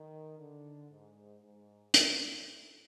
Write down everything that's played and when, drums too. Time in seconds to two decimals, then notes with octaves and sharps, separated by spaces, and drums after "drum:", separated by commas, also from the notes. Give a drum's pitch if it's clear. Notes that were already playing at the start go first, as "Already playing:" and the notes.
Already playing: D#3
0.39 D3
0.91 G#2
1.42 G#2
1.94 A2, drum: hi-hat